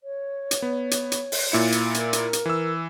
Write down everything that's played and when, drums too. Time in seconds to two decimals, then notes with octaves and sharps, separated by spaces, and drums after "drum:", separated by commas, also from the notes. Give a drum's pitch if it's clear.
0.01 C#5
0.51 drum: hi-hat
0.62 B3
0.91 drum: hi-hat
1.12 drum: hi-hat
1.32 drum: open hi-hat
1.52 A#2 E4 C#7
1.72 drum: hi-hat
1.94 A#4, drum: hi-hat
2.13 drum: hi-hat
2.33 drum: hi-hat
2.46 E3 E6